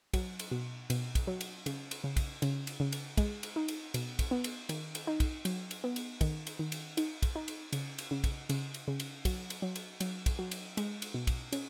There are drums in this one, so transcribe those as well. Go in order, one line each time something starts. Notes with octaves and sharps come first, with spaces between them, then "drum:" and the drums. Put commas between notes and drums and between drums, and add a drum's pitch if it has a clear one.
F#3, drum: kick, cymbal
drum: cymbal
B2
B2, drum: cymbal
drum: kick, cymbal
F#3
drum: cymbal
C#3, drum: cymbal
drum: cymbal
C#3
drum: kick, cymbal
C#3, drum: cymbal
drum: cymbal
C#3
drum: cymbal
G#3, drum: kick, cymbal
drum: cymbal
D#4
drum: cymbal
B2, drum: cymbal
drum: kick, cymbal
B3
drum: cymbal
D#3, drum: cymbal
drum: cymbal
D#4
drum: kick, cymbal
F#3, drum: cymbal
drum: cymbal
B3
drum: cymbal
D#3, drum: kick, cymbal
drum: cymbal
D#3
drum: cymbal
D#4, drum: cymbal
drum: kick, cymbal
D#4
drum: cymbal
C#3, drum: cymbal
drum: cymbal
C#3
drum: kick, cymbal
C#3, drum: cymbal
drum: cymbal
C#3
drum: cymbal
F#3, drum: kick, cymbal
drum: cymbal
F#3
drum: cymbal
F#3, drum: cymbal
drum: kick, cymbal
F#3
drum: cymbal
G#3, drum: cymbal
drum: cymbal
B2
drum: kick, cymbal
C#4, drum: cymbal